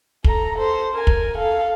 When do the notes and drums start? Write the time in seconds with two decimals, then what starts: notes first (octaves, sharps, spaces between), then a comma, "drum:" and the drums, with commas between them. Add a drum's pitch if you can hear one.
0.24 A4 A#5, drum: kick
0.57 A4 C5
0.93 A#4 G#5
1.07 drum: kick
1.37 A4 F5